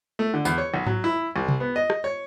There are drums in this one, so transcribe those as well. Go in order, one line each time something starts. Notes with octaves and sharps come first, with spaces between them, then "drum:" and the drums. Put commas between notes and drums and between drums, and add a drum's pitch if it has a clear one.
A3
D3
E2, drum: tambourine
C#5
B1
F#3, drum: tom G#2
E4
C2
drum: tom C3
B3
D#5
drum: rim click
C#5